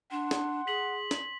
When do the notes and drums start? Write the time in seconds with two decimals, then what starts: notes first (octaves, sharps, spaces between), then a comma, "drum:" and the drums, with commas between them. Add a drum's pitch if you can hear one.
0.11 D4 F#5 C6
0.31 drum: snare
0.67 G#4 B6 F#7
1.11 drum: snare